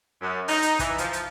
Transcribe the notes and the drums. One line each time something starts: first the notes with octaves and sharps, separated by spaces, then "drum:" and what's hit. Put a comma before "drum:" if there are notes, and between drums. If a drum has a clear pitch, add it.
F#2
D#4, drum: open hi-hat
drum: hi-hat
E3, drum: kick, hi-hat
F3, drum: hi-hat
drum: hi-hat